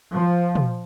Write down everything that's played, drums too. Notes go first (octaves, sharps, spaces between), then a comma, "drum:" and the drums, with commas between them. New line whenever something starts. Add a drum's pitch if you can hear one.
F3
drum: tom